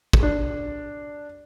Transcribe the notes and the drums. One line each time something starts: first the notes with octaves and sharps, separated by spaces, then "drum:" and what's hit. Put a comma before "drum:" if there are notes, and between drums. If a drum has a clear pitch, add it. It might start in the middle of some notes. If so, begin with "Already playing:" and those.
drum: kick
D4